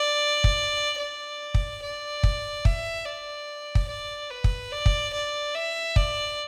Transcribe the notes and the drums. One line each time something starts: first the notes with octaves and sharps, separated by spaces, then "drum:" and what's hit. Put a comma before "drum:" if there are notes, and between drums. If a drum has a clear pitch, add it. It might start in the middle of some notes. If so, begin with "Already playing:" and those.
Already playing: D5
drum: kick
D5
drum: kick
D5
drum: kick
E5, drum: kick
D5
drum: kick
D5
B4
drum: kick
D5
drum: kick
D5
E5
D5, drum: kick